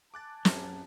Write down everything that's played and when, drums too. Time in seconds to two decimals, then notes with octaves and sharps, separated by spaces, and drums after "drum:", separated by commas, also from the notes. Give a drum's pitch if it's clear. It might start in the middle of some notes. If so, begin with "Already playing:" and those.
0.14 G#5 A5 D6 F#6 A6
0.45 A#1 F#2, drum: snare